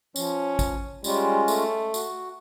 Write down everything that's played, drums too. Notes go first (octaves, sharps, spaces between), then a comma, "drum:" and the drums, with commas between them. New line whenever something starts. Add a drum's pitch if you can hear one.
F3 C#4, drum: tambourine
drum: kick, tambourine
G3 G#3 C#4 F4, drum: tambourine
A3, drum: tambourine
F#4, drum: tambourine